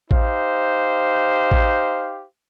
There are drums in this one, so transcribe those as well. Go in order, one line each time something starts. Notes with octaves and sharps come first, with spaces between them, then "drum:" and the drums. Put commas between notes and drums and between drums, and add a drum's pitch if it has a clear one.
D#4 G4 C5 F5, drum: kick A1
drum: kick A1